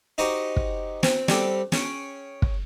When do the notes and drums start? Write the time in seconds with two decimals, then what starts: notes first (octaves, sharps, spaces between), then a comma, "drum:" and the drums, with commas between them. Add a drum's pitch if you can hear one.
0.18 D#4 F#4 G4 C5 D#5
0.56 drum: kick
1.03 C4, drum: snare
1.28 G3 C4 G4 A4, drum: snare
1.72 C#4 G#4 G5, drum: snare
2.42 drum: kick